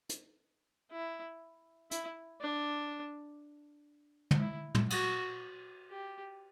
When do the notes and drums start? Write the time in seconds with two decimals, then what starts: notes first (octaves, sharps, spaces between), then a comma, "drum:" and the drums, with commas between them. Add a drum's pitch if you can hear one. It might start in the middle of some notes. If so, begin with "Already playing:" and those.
0.09 drum: hi-hat
0.92 E4
1.91 E4, drum: hi-hat
2.41 D4
4.31 drum: tom
4.40 E4
4.75 drum: tom
4.90 F#4, drum: cymbal
5.90 G4